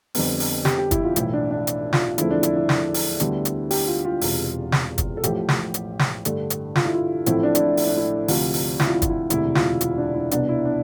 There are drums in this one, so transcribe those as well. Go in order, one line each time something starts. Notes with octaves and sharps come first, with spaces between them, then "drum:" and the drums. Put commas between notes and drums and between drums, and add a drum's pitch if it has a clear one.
F2 D3 G3 B3, drum: open hi-hat
drum: open hi-hat
G4, drum: snare
G4
E4, drum: kick, hi-hat
F4
B1 A2 E3 E4, drum: hi-hat
D4
D4
drum: hi-hat
F4, drum: snare
E2 D3 F3 A3 C4 E4, drum: hi-hat
D4
E4, drum: hi-hat
E4
drum: snare
drum: open hi-hat
D2 D3 G3 B3, drum: hi-hat
drum: hi-hat
G4, drum: open hi-hat
F4
F4
E1 E2 C3, drum: open hi-hat
drum: snare
drum: kick, hi-hat
A4
A1 A2 F3 G4, drum: hi-hat
drum: snare
drum: hi-hat
drum: snare
G2 D3 A3, drum: hi-hat
drum: hi-hat
F4, drum: snare
E4
F4
A1 A2 F3 A3 C4 E4, drum: hi-hat
D4
D4, drum: hi-hat
E4
E4, drum: open hi-hat
D4
E4
D2 C3 F3 F4, drum: open hi-hat
drum: open hi-hat
E4, drum: snare
F4
E4
F4, drum: kick, hi-hat
E4
E1 D2 C3 E4, drum: hi-hat
F4, drum: snare
F4, drum: hi-hat
D4
E4
C2 B2 B3 D4, drum: hi-hat
E4
D4